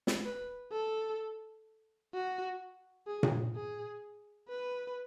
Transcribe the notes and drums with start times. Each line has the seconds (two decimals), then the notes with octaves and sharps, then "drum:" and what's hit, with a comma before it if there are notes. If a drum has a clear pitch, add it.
0.07 drum: snare
0.25 B4
0.72 A4
2.14 F#4
3.07 G#4
3.23 drum: tom A#2
3.55 G#4
4.49 B4